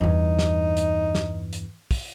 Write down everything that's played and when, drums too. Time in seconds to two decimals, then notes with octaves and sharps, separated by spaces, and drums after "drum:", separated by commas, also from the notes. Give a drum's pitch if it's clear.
0.01 E2 G2 D#4
0.39 drum: snare
0.77 drum: hi-hat
1.15 drum: snare
1.53 drum: hi-hat
1.91 drum: kick, open hi-hat